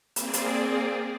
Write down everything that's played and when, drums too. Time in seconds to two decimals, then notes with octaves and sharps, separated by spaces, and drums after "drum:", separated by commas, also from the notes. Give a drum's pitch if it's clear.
0.16 A#3 C4 G#4 D5, drum: hi-hat
0.33 drum: hi-hat